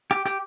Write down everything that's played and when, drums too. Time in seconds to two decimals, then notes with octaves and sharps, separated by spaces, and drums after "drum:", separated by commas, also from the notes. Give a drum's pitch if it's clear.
0.11 G4
0.26 G4, drum: hi-hat